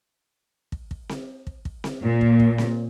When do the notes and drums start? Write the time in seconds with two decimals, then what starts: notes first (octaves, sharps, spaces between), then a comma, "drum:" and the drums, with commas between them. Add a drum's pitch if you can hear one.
0.72 drum: kick
0.91 drum: kick
1.09 drum: snare C4
1.47 drum: kick
1.65 drum: kick
1.84 drum: snare C4
2.02 A#2
2.21 drum: kick
2.40 drum: kick
2.58 drum: snare C4